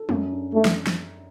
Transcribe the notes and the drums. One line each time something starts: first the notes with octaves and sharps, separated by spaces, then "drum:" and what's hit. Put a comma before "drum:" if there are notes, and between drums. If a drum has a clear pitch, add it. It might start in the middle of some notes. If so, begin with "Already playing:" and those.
Already playing: A4
F#2, drum: tom
D4
A3 D4
drum: snare
drum: snare